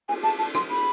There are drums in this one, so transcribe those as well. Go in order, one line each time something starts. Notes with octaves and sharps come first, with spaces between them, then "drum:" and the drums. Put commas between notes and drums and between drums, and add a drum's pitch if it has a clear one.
G#5, drum: cymbal
A5, drum: cymbal
A5, drum: cymbal
C6, drum: rim click
B5, drum: cymbal